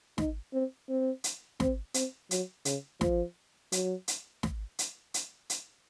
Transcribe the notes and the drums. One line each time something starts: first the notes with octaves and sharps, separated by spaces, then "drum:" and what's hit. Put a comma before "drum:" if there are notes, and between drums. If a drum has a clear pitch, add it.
D#4, drum: snare
C4
C4
drum: hi-hat
C4, drum: snare
C4, drum: hi-hat
F#3, drum: hi-hat
C#3, drum: hi-hat
F3, drum: snare
F#3, drum: hi-hat
drum: hi-hat
drum: snare
drum: hi-hat
drum: hi-hat
drum: hi-hat